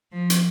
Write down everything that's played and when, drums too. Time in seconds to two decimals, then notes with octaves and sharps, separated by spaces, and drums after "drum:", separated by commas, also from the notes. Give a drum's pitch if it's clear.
0.12 F3
0.30 drum: hi-hat